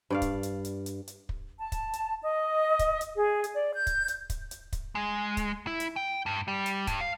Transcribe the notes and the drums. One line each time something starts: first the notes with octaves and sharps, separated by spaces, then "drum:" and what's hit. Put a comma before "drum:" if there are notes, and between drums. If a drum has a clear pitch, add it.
G2 D5 F5
drum: kick, hi-hat
drum: hi-hat
drum: hi-hat
drum: hi-hat
drum: hi-hat
drum: kick
A5
drum: kick, hi-hat
drum: hi-hat
D#5
drum: kick, hi-hat
drum: hi-hat
G#4
drum: hi-hat
D5
G6
drum: kick, hi-hat
drum: hi-hat
drum: kick, hi-hat
drum: hi-hat
drum: kick, hi-hat
G#3
drum: kick, hi-hat
E4
drum: hi-hat
G5
G2
G3
drum: hi-hat
G2, drum: kick, hi-hat
F5